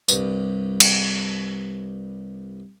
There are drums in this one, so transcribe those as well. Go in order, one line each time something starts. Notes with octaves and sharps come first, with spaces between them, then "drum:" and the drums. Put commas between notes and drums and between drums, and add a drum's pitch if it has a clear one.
C2 G2, drum: tambourine
drum: cymbal